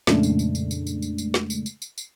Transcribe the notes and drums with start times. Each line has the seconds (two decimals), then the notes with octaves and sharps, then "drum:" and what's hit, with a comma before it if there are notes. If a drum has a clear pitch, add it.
0.07 F2 A#2 C#3 G#3 A3 D4, drum: snare
0.23 drum: tambourine
0.39 drum: tambourine
0.55 drum: tambourine
0.71 drum: tambourine
0.87 drum: tambourine
1.02 drum: tambourine
1.18 drum: tambourine
1.34 drum: snare
1.50 drum: tambourine
1.66 drum: tambourine
1.82 drum: tambourine
1.98 drum: tambourine